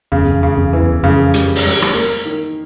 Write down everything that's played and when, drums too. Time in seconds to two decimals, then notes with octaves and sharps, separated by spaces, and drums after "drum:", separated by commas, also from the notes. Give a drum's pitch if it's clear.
0.12 E2 C#3
0.23 F2
0.32 E2
0.43 C#3
0.58 F2
0.65 E2
0.73 E3
0.83 E2
1.03 F2 C#3
1.34 G3, drum: hi-hat
1.55 drum: open hi-hat
1.65 G3
1.82 drum: rim click
1.95 A#3
2.25 D#3